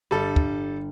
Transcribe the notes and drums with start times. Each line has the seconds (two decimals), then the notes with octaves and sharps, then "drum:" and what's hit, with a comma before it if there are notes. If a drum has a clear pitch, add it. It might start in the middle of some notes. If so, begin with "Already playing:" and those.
0.11 G1 G3 A4 A5
0.36 drum: kick